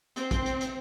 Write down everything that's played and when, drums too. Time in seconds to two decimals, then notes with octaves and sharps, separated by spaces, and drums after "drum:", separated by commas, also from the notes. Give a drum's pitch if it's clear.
0.16 C4, drum: hi-hat
0.31 drum: kick, hi-hat
0.46 drum: hi-hat
0.61 drum: hi-hat